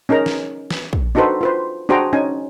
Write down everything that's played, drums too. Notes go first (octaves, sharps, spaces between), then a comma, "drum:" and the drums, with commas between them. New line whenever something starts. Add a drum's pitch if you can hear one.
C#4 D#4 G#4 A#4 A#5
drum: snare
drum: snare
drum: kick
D4 D#4 F#4 A4 B4 C5
F4 B4 C5
D4 F#4 G#4 C5 G5 A#5
C#4 D#4 G#5